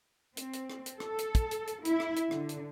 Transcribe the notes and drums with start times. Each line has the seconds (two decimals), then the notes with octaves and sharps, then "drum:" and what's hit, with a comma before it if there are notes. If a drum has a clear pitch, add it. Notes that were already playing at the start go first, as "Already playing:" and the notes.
0.37 C4, drum: hi-hat
0.53 drum: hi-hat
0.70 drum: rim click
0.86 drum: hi-hat
1.00 A4, drum: rim click
1.18 drum: hi-hat
1.35 drum: kick, hi-hat
1.51 drum: hi-hat
1.67 drum: hi-hat
1.85 E4, drum: hi-hat
2.00 drum: rim click
2.16 drum: hi-hat
2.31 D3, drum: rim click
2.49 drum: hi-hat